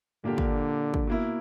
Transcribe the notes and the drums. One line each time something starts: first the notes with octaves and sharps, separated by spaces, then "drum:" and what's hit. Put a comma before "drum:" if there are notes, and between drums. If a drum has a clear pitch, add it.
A#2 D3 A#3 D4 G4
drum: kick
drum: kick
B2 A#3 E4